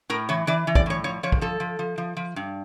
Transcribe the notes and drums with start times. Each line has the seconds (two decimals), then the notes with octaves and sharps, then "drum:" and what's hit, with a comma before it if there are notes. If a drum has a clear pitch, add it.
0.10 A2 A#4
0.29 E3 C#5
0.47 E3 D5
0.67 E3
0.75 D5, drum: kick
0.86 A2 C#5
1.04 F3 C#5
1.23 F3 C#5
1.32 drum: kick
1.41 F3 A4
1.60 F3
1.79 F3
1.98 F3
2.17 F3
2.36 G2